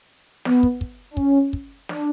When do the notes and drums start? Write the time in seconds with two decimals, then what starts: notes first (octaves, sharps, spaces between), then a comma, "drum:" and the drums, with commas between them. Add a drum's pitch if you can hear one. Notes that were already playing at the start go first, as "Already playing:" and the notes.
0.45 B3, drum: snare
0.63 drum: kick
0.81 drum: kick
1.11 D4
1.17 C#4, drum: kick
1.53 drum: kick
1.89 D4, drum: snare